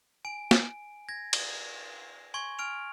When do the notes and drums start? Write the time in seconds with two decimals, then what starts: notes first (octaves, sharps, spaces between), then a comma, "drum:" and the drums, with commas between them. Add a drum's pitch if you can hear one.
0.25 G#5 D7
0.51 drum: snare
1.09 G#6 A#6
1.33 drum: cymbal
2.34 G#5 C6 C#6 G#6
2.58 G#5 F6 D7 F7